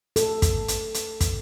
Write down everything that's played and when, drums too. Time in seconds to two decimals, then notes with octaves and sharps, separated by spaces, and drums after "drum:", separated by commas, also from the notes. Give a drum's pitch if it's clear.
0.16 A4, drum: hi-hat
0.42 drum: kick, hi-hat
0.68 drum: hi-hat
0.94 drum: hi-hat
1.20 drum: kick, hi-hat